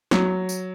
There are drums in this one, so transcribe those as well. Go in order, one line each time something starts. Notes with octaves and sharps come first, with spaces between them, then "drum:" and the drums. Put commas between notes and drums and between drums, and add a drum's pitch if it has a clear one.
F#3, drum: snare
drum: tambourine